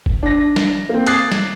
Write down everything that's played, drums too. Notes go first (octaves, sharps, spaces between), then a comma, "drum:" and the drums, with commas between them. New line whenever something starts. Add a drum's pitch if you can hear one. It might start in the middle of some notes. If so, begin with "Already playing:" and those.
drum: kick F#1
D4 A#6
drum: snare
A#3 C4
D6 D#6 F#6 G#6 A6 C7, drum: hi-hat
drum: snare